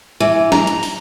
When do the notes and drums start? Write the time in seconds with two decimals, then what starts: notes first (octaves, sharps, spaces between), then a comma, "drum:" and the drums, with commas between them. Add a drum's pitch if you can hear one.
0.20 E3
0.52 A#5, drum: snare
0.67 drum: hi-hat
0.83 drum: open hi-hat